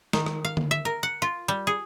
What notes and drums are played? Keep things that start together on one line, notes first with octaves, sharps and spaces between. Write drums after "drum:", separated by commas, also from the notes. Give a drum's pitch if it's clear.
D#3, drum: snare
drum: rim click
F5
drum: tom D3
E5
A#4
F#5
F4
G3
G#4